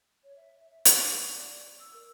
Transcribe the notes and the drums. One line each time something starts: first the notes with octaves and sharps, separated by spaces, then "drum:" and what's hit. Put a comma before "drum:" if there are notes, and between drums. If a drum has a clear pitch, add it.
C#5
E5
E5
D#5, drum: hi-hat
D6
C#6
D5
E6
A#4